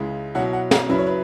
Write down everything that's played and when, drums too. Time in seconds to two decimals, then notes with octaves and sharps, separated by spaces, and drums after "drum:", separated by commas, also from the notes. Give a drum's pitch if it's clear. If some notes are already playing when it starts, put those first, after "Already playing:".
Already playing: C#2 C#3 G#3 E4
0.35 B2 F#3 E4 F#5
0.53 F#5
0.71 E5, drum: snare
0.89 F#2 C#3 F#3 E4 B4
0.98 C#5
1.07 B4